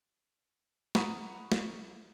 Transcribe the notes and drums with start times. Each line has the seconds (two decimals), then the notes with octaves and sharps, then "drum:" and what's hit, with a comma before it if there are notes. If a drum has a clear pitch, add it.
0.95 F#5 A#5 B5 C#6 D#6, drum: snare
1.52 drum: snare